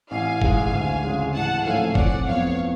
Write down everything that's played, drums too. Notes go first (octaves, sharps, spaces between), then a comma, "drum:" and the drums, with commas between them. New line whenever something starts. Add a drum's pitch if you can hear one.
A1 F5 G#5
G#2 G#3, drum: kick F#1
D2
C#3 G#3
A1 F#5 A5
G#2 F3 A3 C#4 F5 G#5
F2 D5 F#5, drum: kick F#1
F3 B3 C#5 F5